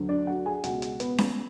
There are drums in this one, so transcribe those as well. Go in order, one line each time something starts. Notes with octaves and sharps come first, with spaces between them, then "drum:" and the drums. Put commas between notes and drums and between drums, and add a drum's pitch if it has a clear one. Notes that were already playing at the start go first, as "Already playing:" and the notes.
Already playing: D2 D3 F#3 A3
D4 D5
F#4 F#5
G#4 G#5
C#2 B2 G#3 F#4 F#5, drum: hi-hat
drum: hi-hat
B3 B4, drum: hi-hat
drum: snare C#4